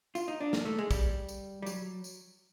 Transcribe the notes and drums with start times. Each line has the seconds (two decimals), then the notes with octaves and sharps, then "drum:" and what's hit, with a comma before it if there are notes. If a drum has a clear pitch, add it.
0.15 F4, drum: tambourine
0.28 D#4
0.41 D4
0.53 A#3, drum: snare
0.65 A3
0.79 G#3
0.91 G3, drum: kick, tambourine
1.29 drum: tambourine
1.62 G3
1.66 F#3, drum: tambourine
2.04 drum: tambourine